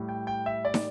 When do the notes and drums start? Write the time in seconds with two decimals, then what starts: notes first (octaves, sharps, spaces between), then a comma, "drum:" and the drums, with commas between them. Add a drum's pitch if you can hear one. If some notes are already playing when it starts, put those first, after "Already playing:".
Already playing: A2 G3
0.09 G5
0.27 G5
0.46 E5
0.65 D5
0.74 drum: snare